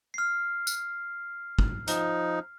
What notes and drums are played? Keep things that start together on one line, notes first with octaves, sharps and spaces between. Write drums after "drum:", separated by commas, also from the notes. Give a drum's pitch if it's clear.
F6 C7
drum: tambourine
drum: kick
F3 D#4, drum: hi-hat